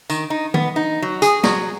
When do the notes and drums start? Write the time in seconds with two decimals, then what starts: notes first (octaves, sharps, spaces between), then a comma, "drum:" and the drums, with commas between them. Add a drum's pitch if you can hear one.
0.10 D#3, drum: tambourine
0.30 D#4
0.54 B3, drum: tom D#3
0.76 D#4
1.02 F#3
1.22 G#4, drum: hi-hat
1.43 F#3, drum: snare